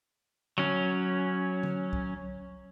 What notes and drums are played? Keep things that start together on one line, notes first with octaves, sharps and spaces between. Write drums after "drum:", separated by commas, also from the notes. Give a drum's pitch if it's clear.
F#3 C#4, drum: tom D3
drum: tom D3
drum: kick C2